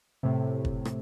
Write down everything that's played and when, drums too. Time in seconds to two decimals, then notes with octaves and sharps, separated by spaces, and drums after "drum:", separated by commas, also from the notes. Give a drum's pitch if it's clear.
0.23 A2 C3
0.65 drum: kick
0.85 drum: rim click